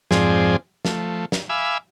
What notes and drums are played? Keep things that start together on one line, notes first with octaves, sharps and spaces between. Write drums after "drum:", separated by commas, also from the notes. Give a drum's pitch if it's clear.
F2 G#2 F3 C4 G#4 D5, drum: snare
F3 A3, drum: snare
drum: snare
E5 F5 G#5 B5 D6 E6